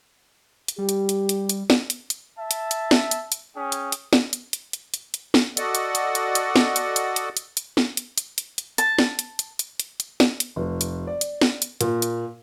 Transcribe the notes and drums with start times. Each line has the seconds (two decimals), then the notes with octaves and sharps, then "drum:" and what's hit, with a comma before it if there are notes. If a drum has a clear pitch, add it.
0.68 drum: hi-hat
0.78 G3 G4
0.89 drum: hi-hat
1.09 drum: hi-hat
1.29 drum: hi-hat
1.49 drum: hi-hat
1.70 drum: snare
1.90 drum: hi-hat
2.10 drum: hi-hat
2.38 E5 A5
2.51 drum: hi-hat
2.71 drum: hi-hat
2.91 drum: snare
3.11 drum: hi-hat
3.32 drum: hi-hat
3.56 C#4 G#4 G5 D#6
3.72 drum: hi-hat
3.92 drum: hi-hat
4.13 drum: snare
4.33 drum: hi-hat
4.53 drum: hi-hat
4.73 drum: hi-hat
4.94 drum: hi-hat
5.14 drum: hi-hat
5.34 drum: snare
5.57 F#4 A4 D5 D#5 F#5, drum: hi-hat
5.75 drum: hi-hat
5.95 drum: hi-hat
6.15 drum: hi-hat
6.35 drum: hi-hat
6.56 drum: snare
6.76 drum: hi-hat
6.96 drum: hi-hat
7.16 drum: hi-hat
7.37 drum: hi-hat
7.57 drum: hi-hat
7.77 drum: snare
7.97 drum: hi-hat
8.18 drum: hi-hat
8.38 drum: hi-hat
8.58 drum: hi-hat
8.78 A5, drum: hi-hat
8.99 drum: snare
9.19 drum: hi-hat
9.39 drum: hi-hat
9.59 drum: hi-hat
9.80 drum: hi-hat
10.00 drum: hi-hat
10.20 drum: snare
10.40 drum: hi-hat
10.56 F1
10.81 drum: hi-hat
11.07 D5
11.21 drum: hi-hat
11.41 drum: snare
11.62 drum: hi-hat
11.81 A#2, drum: hi-hat
12.02 drum: hi-hat